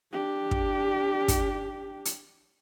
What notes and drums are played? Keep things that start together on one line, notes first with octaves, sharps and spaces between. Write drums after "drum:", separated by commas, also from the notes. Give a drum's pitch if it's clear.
D4 G4
drum: kick
drum: kick, hi-hat
drum: hi-hat